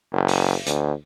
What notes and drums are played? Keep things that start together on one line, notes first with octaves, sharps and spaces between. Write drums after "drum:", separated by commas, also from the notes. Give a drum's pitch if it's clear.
F#1
drum: open hi-hat
D2, drum: hi-hat